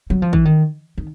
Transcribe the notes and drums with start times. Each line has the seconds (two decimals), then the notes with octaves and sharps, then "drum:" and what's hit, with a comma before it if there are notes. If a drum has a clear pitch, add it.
0.10 F#3
0.22 F3
0.33 E3, drum: kick
0.45 D#3
0.98 D#3